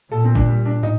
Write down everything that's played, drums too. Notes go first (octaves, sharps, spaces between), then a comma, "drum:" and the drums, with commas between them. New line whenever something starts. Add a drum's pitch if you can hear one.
A#2 A4
C4
D4, drum: kick
G3
D4
D#4, drum: tom